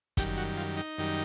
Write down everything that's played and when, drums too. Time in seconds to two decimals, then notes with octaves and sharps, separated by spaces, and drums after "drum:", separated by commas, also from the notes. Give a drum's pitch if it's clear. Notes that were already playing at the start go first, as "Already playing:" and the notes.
0.17 F#2 D#3 G3 G4, drum: kick, hi-hat
0.37 F#4
0.57 F4
0.77 D#4
0.98 F#2 D#3 G3